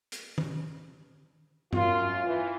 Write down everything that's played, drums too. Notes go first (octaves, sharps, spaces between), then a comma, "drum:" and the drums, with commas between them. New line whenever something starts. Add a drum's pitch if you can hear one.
drum: hi-hat
drum: tom D#3
F#2 F4, drum: tom G2
E3